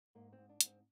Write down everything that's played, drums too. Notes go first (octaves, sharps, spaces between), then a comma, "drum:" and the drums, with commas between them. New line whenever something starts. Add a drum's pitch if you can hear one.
G#2 A#3
C4
G#2
D4
G#2, drum: hi-hat
C4